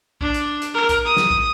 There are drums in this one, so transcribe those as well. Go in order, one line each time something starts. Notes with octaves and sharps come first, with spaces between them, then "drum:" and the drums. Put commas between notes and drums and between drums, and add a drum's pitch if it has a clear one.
D4, drum: kick
drum: hi-hat
drum: hi-hat
A#4
drum: kick, hi-hat
D#6
drum: snare
drum: kick